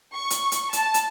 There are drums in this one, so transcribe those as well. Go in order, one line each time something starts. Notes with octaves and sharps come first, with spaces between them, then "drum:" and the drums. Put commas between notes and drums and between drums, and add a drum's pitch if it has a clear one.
C#6
drum: hi-hat
drum: hi-hat
A5, drum: hi-hat
drum: hi-hat